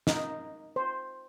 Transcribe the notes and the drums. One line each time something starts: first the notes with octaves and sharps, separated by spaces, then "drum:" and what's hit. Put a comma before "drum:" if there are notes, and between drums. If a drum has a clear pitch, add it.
D#4, drum: snare
C5